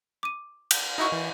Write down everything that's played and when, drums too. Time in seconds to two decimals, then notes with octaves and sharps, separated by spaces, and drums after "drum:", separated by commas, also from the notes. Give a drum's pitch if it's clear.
0.23 D6 D#7
0.71 G6, drum: cymbal
0.98 D#4 E4 F#4 D#5 C#6
1.12 E3